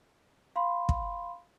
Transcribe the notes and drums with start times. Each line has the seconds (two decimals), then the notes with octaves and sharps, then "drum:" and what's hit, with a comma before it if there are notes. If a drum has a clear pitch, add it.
0.56 F5 B5 C6
0.89 drum: kick